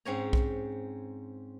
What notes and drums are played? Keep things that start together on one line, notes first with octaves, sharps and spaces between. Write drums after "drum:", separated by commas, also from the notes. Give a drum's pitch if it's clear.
G#2 C4 C#4 C#5 G#5 A#5
drum: kick B1